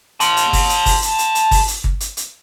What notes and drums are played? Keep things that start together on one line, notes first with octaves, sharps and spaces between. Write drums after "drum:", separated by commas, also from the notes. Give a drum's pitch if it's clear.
A5 C6, drum: hi-hat
drum: hi-hat
drum: kick G1, open hi-hat
drum: hi-hat
drum: kick G1, open hi-hat
drum: hi-hat
drum: hi-hat
drum: hi-hat
drum: kick G1, open hi-hat
drum: hi-hat
drum: kick G1
drum: hi-hat
drum: hi-hat